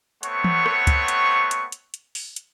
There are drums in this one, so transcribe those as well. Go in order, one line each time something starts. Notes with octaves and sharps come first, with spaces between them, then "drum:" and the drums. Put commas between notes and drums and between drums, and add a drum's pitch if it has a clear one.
A3 B3 C4 C#5 F#5 C#6, drum: hi-hat
drum: tom E3
drum: rim click
drum: kick, hi-hat
drum: hi-hat
drum: hi-hat
drum: hi-hat
drum: hi-hat
drum: open hi-hat
drum: hi-hat